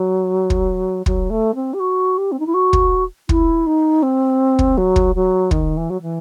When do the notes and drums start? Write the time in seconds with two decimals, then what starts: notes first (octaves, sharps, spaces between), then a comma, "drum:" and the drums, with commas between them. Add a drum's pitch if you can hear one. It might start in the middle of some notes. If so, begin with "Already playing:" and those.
Already playing: F#3
0.50 drum: kick
1.06 F#3, drum: kick
1.30 A3
1.55 C4
1.73 G4
1.80 F#4
2.18 G4
2.32 C4
2.40 D#4
2.46 E4
2.54 F#4
2.73 drum: kick
3.29 E4, drum: kick
3.66 D#4
4.02 C4
4.59 drum: kick
4.77 F#3
4.96 drum: kick
5.15 F#3
5.51 D#3, drum: kick
5.77 E3
5.90 F#3
6.02 E3